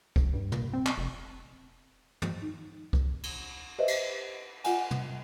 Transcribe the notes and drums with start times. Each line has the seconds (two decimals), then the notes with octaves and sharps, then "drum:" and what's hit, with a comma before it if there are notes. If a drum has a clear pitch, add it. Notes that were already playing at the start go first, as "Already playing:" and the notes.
0.16 E1, drum: kick C2
0.33 G2
0.52 A#2, drum: tom
0.73 C4
0.86 drum: clap
0.98 F1
2.22 drum: tom
2.42 D#4
2.93 drum: kick C2
3.24 drum: cymbal
3.79 G4 B4 C5 D#5 E5
3.88 drum: cymbal
4.64 F4 F#5 G#5, drum: cymbal
4.91 drum: tom